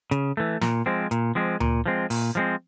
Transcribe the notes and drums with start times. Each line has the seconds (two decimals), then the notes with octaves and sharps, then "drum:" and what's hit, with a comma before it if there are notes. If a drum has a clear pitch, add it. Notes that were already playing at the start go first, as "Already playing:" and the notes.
0.11 C#3, drum: hi-hat
0.37 E3 A3
0.61 A#2, drum: snare
0.86 F3 G#3 C4
1.11 A#2, drum: hi-hat
1.35 F3 G#3 C4
1.60 A#2, drum: tom D2
1.86 F3 G#3 C4
2.10 A#2, drum: open hi-hat
2.35 F3 G#3 C4